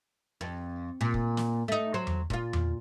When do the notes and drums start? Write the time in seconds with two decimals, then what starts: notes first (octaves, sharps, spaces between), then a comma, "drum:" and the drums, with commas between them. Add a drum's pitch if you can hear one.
0.41 F2
1.01 A#2
1.14 drum: kick
1.37 drum: snare
1.68 A3 D#4
1.94 F#3 C5
2.07 drum: tom E2
2.30 A#2 F4, drum: kick
2.53 drum: tom E2